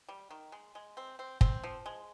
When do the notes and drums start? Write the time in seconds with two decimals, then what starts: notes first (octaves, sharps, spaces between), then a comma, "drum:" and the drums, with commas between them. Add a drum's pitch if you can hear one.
0.09 G3
0.30 D#3
0.52 G#3
0.75 G#3
0.97 C4
1.19 C4
1.41 C4, drum: kick
1.64 F3
1.86 G#3